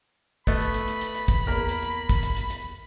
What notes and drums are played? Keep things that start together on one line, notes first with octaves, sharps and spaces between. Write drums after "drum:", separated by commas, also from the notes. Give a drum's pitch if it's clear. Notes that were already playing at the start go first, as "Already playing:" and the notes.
A3 B3 B5, drum: kick, hi-hat
drum: hi-hat
drum: hi-hat
drum: hi-hat
drum: hi-hat
drum: hi-hat
drum: kick, hi-hat
E2 A#3 A#4
drum: hi-hat
drum: hi-hat
drum: kick, hi-hat
drum: hi-hat
drum: hi-hat
drum: hi-hat